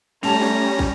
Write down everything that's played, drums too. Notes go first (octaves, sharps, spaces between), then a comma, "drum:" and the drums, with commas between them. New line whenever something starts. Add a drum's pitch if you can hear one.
G3 A3 C#4 A5 A#5 F7
drum: snare
drum: kick